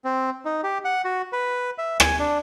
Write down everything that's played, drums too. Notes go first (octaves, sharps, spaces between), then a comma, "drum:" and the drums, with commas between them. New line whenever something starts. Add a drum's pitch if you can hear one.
C4
D#4
G4
F#5
F#4
B4
E5
G#5, drum: rim click
D4